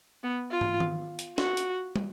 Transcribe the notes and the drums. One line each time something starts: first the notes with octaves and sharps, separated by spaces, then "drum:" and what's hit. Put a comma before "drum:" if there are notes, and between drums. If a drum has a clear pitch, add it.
B3
F4
drum: tom
drum: tom D#3
drum: hi-hat
F#4, drum: snare
drum: hi-hat
drum: tom